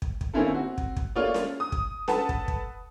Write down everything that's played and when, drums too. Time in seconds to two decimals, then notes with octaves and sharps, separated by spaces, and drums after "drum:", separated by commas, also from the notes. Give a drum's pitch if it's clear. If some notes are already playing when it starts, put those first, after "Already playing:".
0.02 drum: kick
0.21 drum: kick
0.34 D#3 A#3 C4 C#4 E4 A4
0.50 C4 F#4
0.78 drum: kick
0.97 drum: kick
1.16 A3 A#3 F4 C#5 D5
1.34 drum: snare C#4
1.60 D#6
1.72 drum: kick
2.08 A4 B4 F#5 A5, drum: snare C#4
2.29 drum: kick
2.48 drum: kick